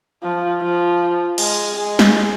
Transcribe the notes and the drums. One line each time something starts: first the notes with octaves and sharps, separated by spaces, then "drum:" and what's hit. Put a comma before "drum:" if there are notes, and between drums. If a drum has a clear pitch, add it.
F3
F3
G#3, drum: cymbal
G#3
drum: snare